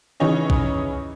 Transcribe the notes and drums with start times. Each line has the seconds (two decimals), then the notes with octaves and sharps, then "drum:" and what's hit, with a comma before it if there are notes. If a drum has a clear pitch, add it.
0.20 C#3 E3 D#4 G#4 C#5 D#5
0.50 drum: kick